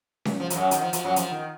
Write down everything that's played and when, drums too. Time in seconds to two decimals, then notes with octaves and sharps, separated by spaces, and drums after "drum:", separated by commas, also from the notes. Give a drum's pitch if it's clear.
0.25 drum: snare C#4
0.40 F3
0.50 F3, drum: hi-hat
0.55 F#2 F#3
0.71 D#3, drum: hi-hat
0.82 F3
0.93 F3, drum: hi-hat
1.04 F#2 F#3
1.16 F3, drum: hi-hat
1.31 D#3